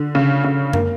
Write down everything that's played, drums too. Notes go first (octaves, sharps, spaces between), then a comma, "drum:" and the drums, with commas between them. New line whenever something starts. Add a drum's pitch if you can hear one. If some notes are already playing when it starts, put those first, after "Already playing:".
Already playing: D3
C#3
C#3
A#3, drum: tom F#2